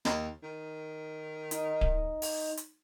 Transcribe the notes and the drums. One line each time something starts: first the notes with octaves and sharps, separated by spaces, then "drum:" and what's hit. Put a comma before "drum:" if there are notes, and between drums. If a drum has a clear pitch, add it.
D#2, drum: snare
D#3
D#4, drum: hi-hat
drum: kick D1
drum: open hi-hat
drum: hi-hat